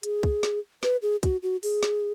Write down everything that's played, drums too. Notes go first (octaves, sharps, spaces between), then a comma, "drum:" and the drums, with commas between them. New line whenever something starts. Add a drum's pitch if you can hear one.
G#4, drum: hi-hat
drum: kick
drum: snare
B4, drum: snare
G#4
F#4, drum: kick, hi-hat
F#4
G#4, drum: open hi-hat
drum: snare